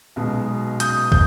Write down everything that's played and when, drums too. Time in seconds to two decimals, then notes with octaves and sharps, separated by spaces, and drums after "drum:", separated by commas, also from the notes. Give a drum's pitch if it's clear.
0.16 B1 B2 G#3
0.80 D#6 G6, drum: hi-hat
1.12 G6, drum: kick